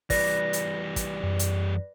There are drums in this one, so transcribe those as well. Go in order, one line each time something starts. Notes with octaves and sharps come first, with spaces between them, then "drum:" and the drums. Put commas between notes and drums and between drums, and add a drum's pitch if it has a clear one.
E3 G3 B4 D5 A#6, drum: kick, open hi-hat
drum: hi-hat
drum: kick, hi-hat
F#2
drum: hi-hat